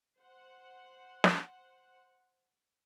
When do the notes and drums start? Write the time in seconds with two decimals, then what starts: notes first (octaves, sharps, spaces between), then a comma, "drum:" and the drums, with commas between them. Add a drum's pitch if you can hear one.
0.20 C5 F#5
1.24 drum: snare